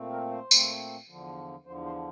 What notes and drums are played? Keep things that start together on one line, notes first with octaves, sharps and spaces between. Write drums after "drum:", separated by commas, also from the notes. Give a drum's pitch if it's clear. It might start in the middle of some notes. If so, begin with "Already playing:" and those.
Already playing: A#2 A3 C4
A#4
C5
A#2 A3 C4, drum: tambourine
E2 D3 F3
E2 D3 F3 C5
C5